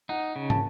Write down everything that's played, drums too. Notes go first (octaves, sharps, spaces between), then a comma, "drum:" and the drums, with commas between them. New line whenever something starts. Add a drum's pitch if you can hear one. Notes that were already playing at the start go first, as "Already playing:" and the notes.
D#4 F#5
C#3
A5, drum: tom